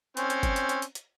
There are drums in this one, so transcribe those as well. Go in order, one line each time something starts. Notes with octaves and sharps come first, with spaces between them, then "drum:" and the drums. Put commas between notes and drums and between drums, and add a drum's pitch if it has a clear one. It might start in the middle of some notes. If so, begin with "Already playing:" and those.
C4 C#4, drum: hi-hat
drum: hi-hat
drum: kick, hi-hat
drum: hi-hat
drum: hi-hat
drum: hi-hat
drum: hi-hat